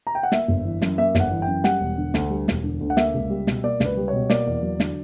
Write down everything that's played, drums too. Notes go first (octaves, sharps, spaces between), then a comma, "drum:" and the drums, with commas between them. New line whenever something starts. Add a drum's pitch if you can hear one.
A#5
G5
F#5
A#3 E5, drum: snare
G1
E3
F#2, drum: snare
A#3 E5
G1, drum: snare
F#5
E3
G5
F#2
G3 F#5, drum: snare
E1
D3
D2, drum: snare
G3
E1, drum: snare
D3
D2
F#5
A#3 E5, drum: snare
C#2
G3
B2, drum: snare
A#3 D5
C#2, drum: snare
B4
G3
C#5
B2
A#3 D5, drum: snare
E2
F#3
D3, drum: snare